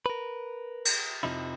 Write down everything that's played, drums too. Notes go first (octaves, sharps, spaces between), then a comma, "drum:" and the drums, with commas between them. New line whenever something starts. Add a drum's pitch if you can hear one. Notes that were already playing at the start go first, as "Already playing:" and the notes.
A#4 B4
drum: cymbal
F2 C3 F3 D#4 E4